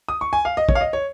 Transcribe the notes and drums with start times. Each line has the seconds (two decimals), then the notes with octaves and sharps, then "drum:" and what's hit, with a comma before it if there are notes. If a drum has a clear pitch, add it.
0.09 D#6
0.21 C#6
0.33 G#5
0.45 F5
0.57 D#5
0.69 C#5, drum: kick
0.75 F5
0.81 D#5
0.93 C#5